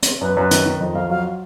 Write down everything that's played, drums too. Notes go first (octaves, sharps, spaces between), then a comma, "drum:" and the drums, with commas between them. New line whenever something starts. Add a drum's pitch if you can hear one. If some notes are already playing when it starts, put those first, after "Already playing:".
drum: hi-hat
F#2 B4
F#2
D#3, drum: hi-hat
D#3
F2 D#5
F2 F5
F#3 F5